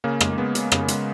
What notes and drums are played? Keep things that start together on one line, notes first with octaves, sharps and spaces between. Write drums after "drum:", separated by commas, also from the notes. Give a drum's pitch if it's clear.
C#3 A#3 C#4
G#3, drum: rim click
A#3
G#3 B3
C#3, drum: hi-hat
C#3, drum: rim click
G#3, drum: hi-hat